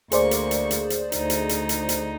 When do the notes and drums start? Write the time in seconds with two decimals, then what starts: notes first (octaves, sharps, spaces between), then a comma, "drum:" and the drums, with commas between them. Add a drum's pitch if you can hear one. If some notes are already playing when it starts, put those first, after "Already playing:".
0.12 D2 A#3 G#4 C5 D5 C#6, drum: hi-hat
0.31 drum: hi-hat
0.51 drum: hi-hat
0.71 drum: hi-hat
0.90 drum: hi-hat
1.12 D2 D#4, drum: hi-hat
1.30 drum: hi-hat
1.49 drum: hi-hat
1.69 drum: hi-hat
1.89 drum: hi-hat